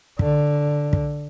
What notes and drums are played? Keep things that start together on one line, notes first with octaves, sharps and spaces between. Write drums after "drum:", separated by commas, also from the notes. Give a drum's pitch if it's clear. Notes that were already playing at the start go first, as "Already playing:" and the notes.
D3, drum: kick
drum: kick